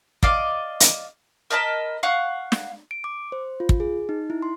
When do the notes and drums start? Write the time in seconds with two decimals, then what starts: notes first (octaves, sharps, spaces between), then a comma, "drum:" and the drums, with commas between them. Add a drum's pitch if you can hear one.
0.23 D5 D#5 F5 D6, drum: kick
0.80 drum: hi-hat
1.50 A#4 D#5 A5 B5
2.03 F5 F#5 C#6 F#6
2.52 drum: snare
2.91 D7
3.04 D6
3.32 C5
3.60 F4
3.69 drum: kick
3.80 G#4
4.09 D#4
4.30 E4
4.42 C6